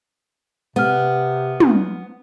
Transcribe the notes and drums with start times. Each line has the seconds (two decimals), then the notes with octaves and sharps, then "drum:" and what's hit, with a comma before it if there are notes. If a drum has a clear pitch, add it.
0.76 C3 B3 F#5 F6
1.60 drum: tom